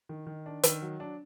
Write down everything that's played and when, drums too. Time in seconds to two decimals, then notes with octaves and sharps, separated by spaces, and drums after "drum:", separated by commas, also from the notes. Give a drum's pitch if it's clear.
0.09 D#3
0.27 D#3
0.46 D4
0.63 D#3, drum: hi-hat
0.82 F#3
1.00 D4